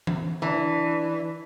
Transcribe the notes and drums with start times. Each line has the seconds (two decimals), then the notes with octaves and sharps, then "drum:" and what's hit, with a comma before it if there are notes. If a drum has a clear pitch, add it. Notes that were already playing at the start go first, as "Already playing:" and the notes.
0.07 drum: tom E3
0.42 E3 D4